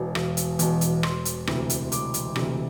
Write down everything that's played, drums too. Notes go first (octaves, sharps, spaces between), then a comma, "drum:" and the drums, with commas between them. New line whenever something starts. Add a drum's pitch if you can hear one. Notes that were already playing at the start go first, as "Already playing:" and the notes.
Already playing: E1 E2 B2
E1, drum: rim click
drum: hi-hat
E2 B2, drum: hi-hat
drum: hi-hat
E1 C6, drum: rim click
drum: hi-hat
D2 C3 E3, drum: rim click
drum: hi-hat
E1 D6, drum: hi-hat
drum: hi-hat
D2 C3 E3, drum: rim click